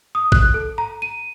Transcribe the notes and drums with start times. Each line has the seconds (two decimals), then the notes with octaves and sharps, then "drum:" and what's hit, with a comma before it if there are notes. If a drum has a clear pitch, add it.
0.15 D#6
0.32 F#6, drum: kick A1
0.54 A4
0.78 A#5
1.02 D#7